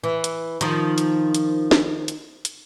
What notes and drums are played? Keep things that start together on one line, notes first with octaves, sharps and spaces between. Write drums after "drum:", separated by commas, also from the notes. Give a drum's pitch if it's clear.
E3
drum: hi-hat
D#3 F3, drum: hi-hat
drum: hi-hat
drum: hi-hat
drum: snare
drum: hi-hat
drum: hi-hat